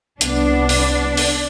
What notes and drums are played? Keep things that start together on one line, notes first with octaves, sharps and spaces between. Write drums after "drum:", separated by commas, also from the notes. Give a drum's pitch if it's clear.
C2 B3 D4, drum: hi-hat
drum: open hi-hat
drum: open hi-hat